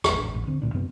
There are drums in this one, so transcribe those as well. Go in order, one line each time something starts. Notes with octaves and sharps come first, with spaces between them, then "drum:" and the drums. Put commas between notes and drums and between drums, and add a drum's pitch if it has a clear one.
G#1 E2, drum: rim click
E1 A1 D4
D#1 A1
D3 C4
D1 D2 A#2 D4
F#2 C3 F#3 B3